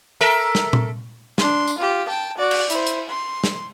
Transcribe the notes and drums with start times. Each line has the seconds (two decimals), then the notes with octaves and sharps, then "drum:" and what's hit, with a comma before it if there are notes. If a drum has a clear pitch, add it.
0.21 A4 A#4 E5
0.55 drum: snare
0.73 drum: tom A#2
1.38 D4 C6, drum: snare
1.67 drum: tambourine
1.78 F4 G4
2.08 G5 A5
2.38 F#4 D5
2.51 drum: cymbal
2.70 E4 C5, drum: hi-hat
2.87 drum: hi-hat
3.09 C6
3.44 drum: snare